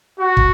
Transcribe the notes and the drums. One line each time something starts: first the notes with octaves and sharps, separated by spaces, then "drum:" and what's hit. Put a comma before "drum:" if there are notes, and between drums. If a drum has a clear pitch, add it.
F#4
drum: kick